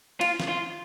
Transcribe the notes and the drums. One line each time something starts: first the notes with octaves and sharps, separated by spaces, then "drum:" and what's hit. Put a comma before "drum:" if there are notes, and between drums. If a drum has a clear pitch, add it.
F4, drum: cymbal
drum: snare
F4